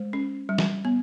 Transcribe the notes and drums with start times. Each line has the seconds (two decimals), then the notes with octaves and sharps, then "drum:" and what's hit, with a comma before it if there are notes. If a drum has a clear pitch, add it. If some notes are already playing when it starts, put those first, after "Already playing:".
Already playing: G#3 C5
0.13 C#4
0.49 G3
0.58 drum: snare
0.85 B3